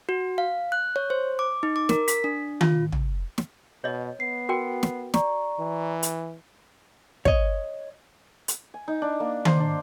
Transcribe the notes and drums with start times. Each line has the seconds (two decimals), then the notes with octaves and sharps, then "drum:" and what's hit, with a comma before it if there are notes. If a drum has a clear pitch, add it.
0.09 F#4
0.38 F5
0.72 F#6
0.96 C#5
1.10 C5
1.39 D6
1.63 D#4
1.76 D6
1.89 A#4, drum: snare
2.08 B6, drum: hi-hat
2.24 D4
2.61 F4, drum: tom D#3
2.92 drum: tom
3.38 drum: snare
3.84 B2 C#5 D#5
4.20 B3 C7
4.49 F#4 A#4 G5
4.83 drum: snare
5.14 D5 A#5 C#6, drum: snare
5.59 E3
6.03 drum: hi-hat
7.25 C#5 D#5, drum: kick
8.48 drum: hi-hat
8.74 G#5
8.88 D#4
9.02 D4
9.20 A#3
9.45 C5, drum: tom D#3
9.60 D4